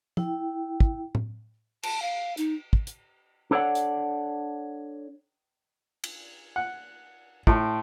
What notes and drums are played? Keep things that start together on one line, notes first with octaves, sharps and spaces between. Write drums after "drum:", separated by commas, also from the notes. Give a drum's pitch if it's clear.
E4 G5, drum: tom
drum: kick
drum: tom A2
A5, drum: cymbal
F5
D#4, drum: hi-hat
drum: kick
drum: hi-hat
D4 A4 C#5 D5 F#5
drum: hi-hat
drum: cymbal
F#5
A2 G5 A5 C6, drum: kick